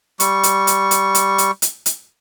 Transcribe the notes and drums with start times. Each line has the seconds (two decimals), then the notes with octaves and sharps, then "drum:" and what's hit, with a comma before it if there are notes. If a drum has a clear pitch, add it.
0.20 G3 C#6, drum: hi-hat
0.43 drum: hi-hat
0.67 drum: hi-hat
0.91 drum: hi-hat
1.15 drum: hi-hat
1.38 drum: hi-hat
1.62 drum: hi-hat
1.86 drum: hi-hat